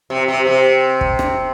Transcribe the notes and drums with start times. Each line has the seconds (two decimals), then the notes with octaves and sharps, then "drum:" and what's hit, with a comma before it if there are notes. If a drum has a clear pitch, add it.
0.10 C3
0.28 C3
0.47 C3
1.01 drum: kick
1.19 drum: rim click